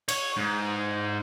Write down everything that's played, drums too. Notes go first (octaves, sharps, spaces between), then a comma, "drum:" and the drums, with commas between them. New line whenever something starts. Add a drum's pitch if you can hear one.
C#5, drum: cymbal
G#2